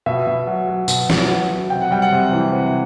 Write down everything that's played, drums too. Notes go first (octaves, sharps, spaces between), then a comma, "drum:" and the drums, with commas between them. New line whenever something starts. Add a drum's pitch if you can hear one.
B2 E5
B2
F#3
F#3
B2, drum: tambourine
B2, drum: snare
F#3
F#3
C3 G5
F#5
G3 G5
F#5
C3
E3
C3